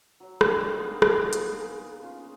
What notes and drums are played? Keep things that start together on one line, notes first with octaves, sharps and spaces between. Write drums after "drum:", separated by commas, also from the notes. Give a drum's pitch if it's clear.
F#3 C#5
D3 G#3 A#3 C4, drum: rim click
A#3 B3 D#4
drum: rim click
drum: hi-hat
G#4
C#4 F4